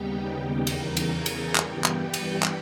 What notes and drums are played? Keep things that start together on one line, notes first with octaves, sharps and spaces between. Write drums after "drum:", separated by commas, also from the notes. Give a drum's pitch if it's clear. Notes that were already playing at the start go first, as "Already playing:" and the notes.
Already playing: D#2 C#3 G3 B3 D#4 G4 G5
G4 G5
E2 C#3 E3 A#4 A#5, drum: cymbal
drum: cymbal
G#4 G#5
drum: cymbal
G2 E3 G3 B3 G4 G5, drum: clap
drum: clap
drum: cymbal
drum: clap